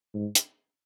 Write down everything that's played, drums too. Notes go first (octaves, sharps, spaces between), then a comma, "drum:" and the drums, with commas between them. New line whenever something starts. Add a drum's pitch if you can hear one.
G#2
drum: hi-hat